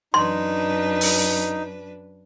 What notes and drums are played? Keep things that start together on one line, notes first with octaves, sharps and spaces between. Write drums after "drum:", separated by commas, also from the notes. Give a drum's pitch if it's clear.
F#2 D4 D#4 B4 C6
drum: open hi-hat